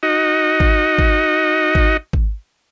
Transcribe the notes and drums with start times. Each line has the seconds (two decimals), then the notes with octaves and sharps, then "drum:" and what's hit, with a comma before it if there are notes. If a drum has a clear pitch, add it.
0.03 D#4 F#4 D#5
0.60 drum: kick G#1
0.98 drum: kick G#1
1.75 drum: kick G#1
2.13 drum: kick G#1